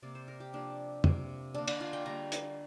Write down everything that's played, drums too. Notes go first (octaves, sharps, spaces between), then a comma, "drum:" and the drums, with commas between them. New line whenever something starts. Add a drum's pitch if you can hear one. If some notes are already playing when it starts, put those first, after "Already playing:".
C3 A#3 D5
C5
A#4
G4
C3 F3 A#3 D4
C3 A#3, drum: tom
D3 A#3 D4
D4, drum: cymbal
F4
G5
D3 G3 A#3 A#5
drum: hi-hat